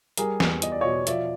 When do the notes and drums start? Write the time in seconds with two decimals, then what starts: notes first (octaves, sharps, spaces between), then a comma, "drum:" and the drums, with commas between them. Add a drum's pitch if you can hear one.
0.17 G3 G#4 A#4, drum: hi-hat
0.40 E2 G#4, drum: snare
0.62 E2 D#5, drum: hi-hat
0.72 D5
0.80 B2 C#5 D#5
1.07 F3 D5 E5, drum: hi-hat